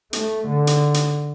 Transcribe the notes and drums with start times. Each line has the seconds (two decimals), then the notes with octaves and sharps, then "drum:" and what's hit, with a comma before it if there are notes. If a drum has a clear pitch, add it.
0.13 A3, drum: hi-hat
0.48 D3
0.67 drum: hi-hat
0.94 drum: hi-hat